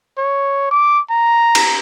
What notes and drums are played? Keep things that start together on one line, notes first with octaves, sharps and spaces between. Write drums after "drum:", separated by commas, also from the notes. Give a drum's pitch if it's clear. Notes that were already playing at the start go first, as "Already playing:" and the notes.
C#5
D6
A#5
drum: cymbal